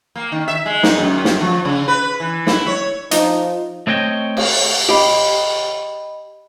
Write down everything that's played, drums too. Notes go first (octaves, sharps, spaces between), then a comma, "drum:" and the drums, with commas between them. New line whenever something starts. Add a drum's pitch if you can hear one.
A#3
D#3
E5
G#3
D#4, drum: snare
F#2
drum: snare
F3
C#3
B4
E3
E4, drum: snare
C#5
F3 D#4, drum: hi-hat
A3 C4 C#5 D#5 G5
drum: cymbal
G4 D#5 B5